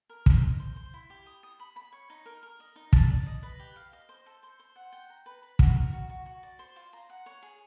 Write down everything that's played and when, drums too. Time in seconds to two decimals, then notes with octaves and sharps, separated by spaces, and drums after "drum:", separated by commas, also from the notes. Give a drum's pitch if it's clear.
0.09 A#4
0.26 C5, drum: kick
0.43 D#5
0.60 C5
0.76 C5
0.94 E4
1.10 G4
1.26 D#6
1.43 D#6
1.60 B5
1.76 B5
1.93 C#5
2.10 D#4
2.26 A#4
2.43 A#4
2.60 D#5
2.76 D#4
2.93 A5, drum: kick
3.10 D5
3.26 D#5
3.43 B4
3.59 G4
3.76 F5
3.93 D#5
4.09 C5
4.26 A4
4.43 C5
4.60 C5
4.76 F#5
4.92 G5
5.10 A#5
5.26 B4
5.43 B4
5.59 F#4, drum: kick
5.76 A#4
5.93 F#4
6.10 F#4
6.26 F#4
6.43 D5
6.59 C5
6.76 F4
6.93 A#5
7.10 F#5
7.26 C#5
7.42 G#4